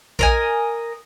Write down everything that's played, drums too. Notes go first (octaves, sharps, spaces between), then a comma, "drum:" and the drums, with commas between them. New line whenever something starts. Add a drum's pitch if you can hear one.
A#4 D#5 G#5, drum: kick A#1